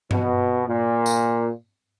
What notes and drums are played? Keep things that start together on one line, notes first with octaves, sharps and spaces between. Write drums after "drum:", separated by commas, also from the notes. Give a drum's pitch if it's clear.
B2, drum: tom G2
A#2
drum: tambourine